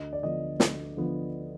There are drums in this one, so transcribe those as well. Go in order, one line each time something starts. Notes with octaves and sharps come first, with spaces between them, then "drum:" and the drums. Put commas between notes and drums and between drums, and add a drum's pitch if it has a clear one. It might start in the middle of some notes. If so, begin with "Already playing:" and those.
Already playing: D2 D#5
D5
D3 F3 B3 D#5
D2, drum: snare
D3 F3 B3